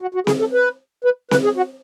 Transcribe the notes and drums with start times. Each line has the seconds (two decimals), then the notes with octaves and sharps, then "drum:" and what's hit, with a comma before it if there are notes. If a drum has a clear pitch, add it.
0.02 F#4
0.15 F#4
0.27 G#4, drum: snare C4
0.40 A4
0.53 B4
1.05 B4
1.31 B4, drum: snare C4
1.44 G#4
1.57 F#4